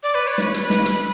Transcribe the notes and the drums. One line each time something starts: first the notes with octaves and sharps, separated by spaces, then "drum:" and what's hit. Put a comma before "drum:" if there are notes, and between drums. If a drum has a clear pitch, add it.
D5
B4
C#5
B4, drum: snare
drum: hi-hat
drum: snare
drum: hi-hat